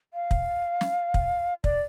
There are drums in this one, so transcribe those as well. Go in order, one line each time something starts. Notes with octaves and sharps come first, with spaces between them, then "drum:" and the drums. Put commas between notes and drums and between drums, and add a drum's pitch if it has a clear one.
F5
drum: kick
drum: snare
drum: kick
D5, drum: kick